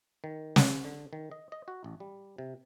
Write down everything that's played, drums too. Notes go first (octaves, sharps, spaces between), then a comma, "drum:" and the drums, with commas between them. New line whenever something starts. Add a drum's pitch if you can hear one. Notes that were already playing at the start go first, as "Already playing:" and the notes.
D#3
drum: snare
D3
D#3
D#5
D#5
F#4
A1
G3
C3